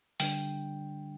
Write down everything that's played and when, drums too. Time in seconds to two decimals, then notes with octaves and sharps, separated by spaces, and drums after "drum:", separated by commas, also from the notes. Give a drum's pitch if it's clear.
0.20 D3 G3 D4 G5, drum: open hi-hat